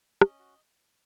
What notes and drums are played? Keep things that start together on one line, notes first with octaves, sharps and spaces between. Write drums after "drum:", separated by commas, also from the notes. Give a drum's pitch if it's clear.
C#4 D#5, drum: rim click
F#4